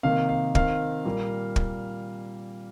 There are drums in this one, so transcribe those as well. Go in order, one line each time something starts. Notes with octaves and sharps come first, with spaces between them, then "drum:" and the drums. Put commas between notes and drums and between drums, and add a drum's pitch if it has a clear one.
C3 D#3 A#3 F5
F5
D#3 C4 F5, drum: kick
A#2 G3 A#3
drum: kick